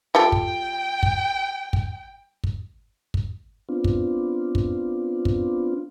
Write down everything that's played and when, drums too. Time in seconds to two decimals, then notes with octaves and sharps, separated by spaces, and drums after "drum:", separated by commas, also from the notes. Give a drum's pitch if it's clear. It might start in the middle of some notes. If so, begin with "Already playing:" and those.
0.15 G3 F4 A4 G5
0.32 drum: kick
1.03 drum: kick
1.73 drum: kick
2.44 drum: kick
3.14 drum: kick
3.69 B3 C4 D4 F4
3.84 drum: kick
4.55 drum: kick
5.25 drum: kick